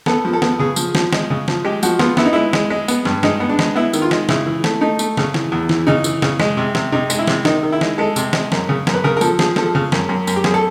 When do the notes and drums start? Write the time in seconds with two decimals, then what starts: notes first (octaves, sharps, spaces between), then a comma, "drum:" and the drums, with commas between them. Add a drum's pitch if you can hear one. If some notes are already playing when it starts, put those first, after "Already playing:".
0.06 B3 A4, drum: snare
0.25 F3
0.33 A4
0.42 B3, drum: snare
0.59 C#3 G#4
0.76 F3, drum: tambourine
0.95 F3, drum: snare
1.13 G#3, drum: snare
1.30 C#3
1.48 F3, drum: snare
1.65 G#3 G4
1.83 F3 F#4, drum: tambourine
1.99 B3 F4, drum: snare
2.17 B3 E4, drum: snare
2.25 D#4
2.33 G#3 E4
2.53 G#3, drum: snare
2.70 G#3
2.88 B3, drum: tambourine
3.05 G2, drum: snare
3.23 G#3 D#4, drum: snare
3.40 B3
3.49 D4
3.59 G#3, drum: snare
3.76 B3 E4
3.93 D#3, drum: tambourine
4.02 F4
4.11 G#3, drum: snare
4.29 C#3 E4, drum: snare
4.46 E3
4.64 A3, drum: snare
4.81 A3 D#4
4.99 A3, drum: tambourine
5.17 C#3, drum: snare
5.34 E3, drum: snare
5.52 E2
5.69 E3, drum: snare
5.87 C#3 D#4
6.04 E3, drum: tambourine
6.22 C#3, drum: snare
6.40 G#3, drum: snare
6.57 C3
6.75 C3, drum: snare
6.92 C3 D#4
7.10 G#3, drum: tambourine
7.19 E4
7.28 C3, drum: snare
7.45 D#3 D#4, drum: snare
7.63 D#3
7.72 E4
7.81 G#3, drum: snare
7.98 G#3 A4
8.16 C3, drum: tambourine
8.33 G#3, drum: snare
8.52 F#2, drum: snare
8.69 C#3
8.87 F#2, drum: snare
8.94 B4
9.04 C#3 A#4
9.17 A#4
9.21 F3 A4, drum: tambourine
9.39 F3 G#4, drum: snare
9.56 F3 A4, drum: snare
9.75 C#3
9.92 F#2, drum: snare
10.09 F#2
10.27 F#2, drum: tambourine
10.36 G4
10.44 F#2 G#4, drum: snare
10.54 A4